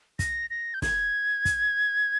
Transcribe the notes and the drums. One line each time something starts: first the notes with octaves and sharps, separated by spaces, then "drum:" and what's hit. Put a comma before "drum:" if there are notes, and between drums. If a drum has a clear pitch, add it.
A#6, drum: kick, hi-hat
A#6
G6
G#6, drum: snare
drum: kick, hi-hat